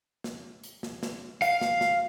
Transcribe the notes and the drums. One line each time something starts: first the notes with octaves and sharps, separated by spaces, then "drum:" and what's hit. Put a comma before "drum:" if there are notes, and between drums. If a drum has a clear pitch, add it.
drum: snare
drum: hi-hat
drum: snare
drum: snare
F5, drum: hi-hat
drum: snare
drum: snare